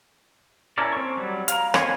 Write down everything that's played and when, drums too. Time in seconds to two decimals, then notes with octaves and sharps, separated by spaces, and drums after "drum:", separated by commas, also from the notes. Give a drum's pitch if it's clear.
0.78 C#4 E4 A4 A#4 D5
0.92 C4 C#6
1.17 F#3 G3
1.48 F5 A#5, drum: hi-hat
1.74 C4 C#5 F5 G#5, drum: rim click